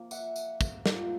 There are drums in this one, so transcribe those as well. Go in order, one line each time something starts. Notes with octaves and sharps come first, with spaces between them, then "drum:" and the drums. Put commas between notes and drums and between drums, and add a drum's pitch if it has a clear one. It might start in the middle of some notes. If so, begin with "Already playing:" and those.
Already playing: C3 F3 A#3
E5 F#5, drum: tambourine
drum: tambourine
drum: kick, tambourine
G#2 F3 A#3, drum: snare